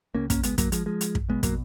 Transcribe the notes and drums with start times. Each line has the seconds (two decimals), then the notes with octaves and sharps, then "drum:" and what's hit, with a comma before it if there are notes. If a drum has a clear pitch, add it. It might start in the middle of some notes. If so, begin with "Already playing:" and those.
0.15 C#2 C#3 A#3 C#4
0.30 A#3 C#4, drum: kick, hi-hat
0.43 G#3 B3, drum: hi-hat
0.58 F#3 A#3, drum: kick, hi-hat
0.72 F3 G#3, drum: hi-hat
0.86 F3 G#3
1.01 drum: hi-hat
1.15 drum: kick
1.29 B1 B2 G#3 B3
1.43 F#3 A#3, drum: kick, hi-hat